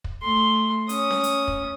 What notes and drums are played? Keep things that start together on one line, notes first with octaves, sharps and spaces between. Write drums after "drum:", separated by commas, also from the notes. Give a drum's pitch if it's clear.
drum: kick
A3 C6
C#4 D#6, drum: hi-hat
drum: snare C#4
drum: hi-hat
drum: kick